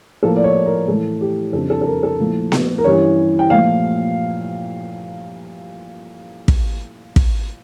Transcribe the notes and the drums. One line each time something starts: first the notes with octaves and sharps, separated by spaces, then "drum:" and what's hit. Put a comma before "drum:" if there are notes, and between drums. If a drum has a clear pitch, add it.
A2 F3 A#3 A4
D5
C#5
A#4
A2 E3 A3 A4
G4
F2 C#3 G3 D4 A4
A4
A4
A#4
A4
A#2 F3 A3 E4
drum: snare B3
A#4
G2 E3 G3 C#4 E4 C#5
G5
A#2 F3 A3 F5
drum: kick
drum: kick